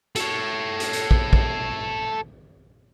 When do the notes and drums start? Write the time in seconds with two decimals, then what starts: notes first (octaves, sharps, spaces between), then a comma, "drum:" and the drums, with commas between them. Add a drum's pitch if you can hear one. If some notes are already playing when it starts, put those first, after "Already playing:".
0.16 A4 C#5, drum: hi-hat
0.80 drum: hi-hat
0.93 drum: hi-hat
1.11 drum: kick
1.33 drum: kick